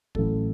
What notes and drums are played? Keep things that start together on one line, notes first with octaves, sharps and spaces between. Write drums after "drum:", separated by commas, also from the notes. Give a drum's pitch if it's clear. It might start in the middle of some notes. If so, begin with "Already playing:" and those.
A1 A2 F#3 A4, drum: kick